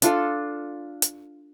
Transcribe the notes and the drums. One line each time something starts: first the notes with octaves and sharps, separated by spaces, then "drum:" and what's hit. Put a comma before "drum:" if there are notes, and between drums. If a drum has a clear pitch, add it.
D4 F4 A4, drum: hi-hat
drum: hi-hat